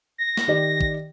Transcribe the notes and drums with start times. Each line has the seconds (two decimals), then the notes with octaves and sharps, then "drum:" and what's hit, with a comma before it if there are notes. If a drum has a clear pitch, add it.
0.18 A#6
0.37 drum: snare
0.48 D#3 G4 D5
0.81 drum: kick